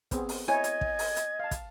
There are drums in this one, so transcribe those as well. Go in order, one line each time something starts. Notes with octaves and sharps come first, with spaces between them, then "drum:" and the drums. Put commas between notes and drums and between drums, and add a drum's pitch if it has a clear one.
B3 C4 G#4, drum: kick, hi-hat
drum: open hi-hat
E4 C#5 D#5 G#5 G#6
drum: hi-hat
drum: kick
drum: open hi-hat
drum: hi-hat
F5 A5
drum: kick, hi-hat